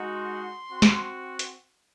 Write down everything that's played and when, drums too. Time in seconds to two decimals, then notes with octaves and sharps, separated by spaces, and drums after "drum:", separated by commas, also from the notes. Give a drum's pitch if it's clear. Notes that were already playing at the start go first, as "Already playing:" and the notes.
Already playing: G#3 D#4 F#4
0.18 C6
0.71 C4 F#4
0.82 drum: snare
1.39 drum: hi-hat